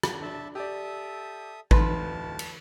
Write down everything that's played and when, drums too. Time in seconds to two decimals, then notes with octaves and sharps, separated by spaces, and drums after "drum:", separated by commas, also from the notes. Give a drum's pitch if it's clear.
0.03 drum: rim click
0.22 D4 E5 A5
0.55 G4 A4 D5 E5 D#6
1.71 D1 F2 D3 E3 D#4 B4 A5 C6, drum: kick A1
2.39 drum: cymbal